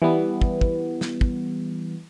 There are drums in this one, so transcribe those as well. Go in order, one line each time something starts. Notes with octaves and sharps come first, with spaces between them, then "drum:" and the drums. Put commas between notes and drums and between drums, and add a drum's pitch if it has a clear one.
E3 G3 B3
drum: kick
drum: kick
drum: snare
drum: kick